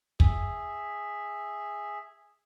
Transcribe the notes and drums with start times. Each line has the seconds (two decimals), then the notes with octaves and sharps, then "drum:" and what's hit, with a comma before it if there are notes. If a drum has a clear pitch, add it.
0.20 G#4 E5, drum: kick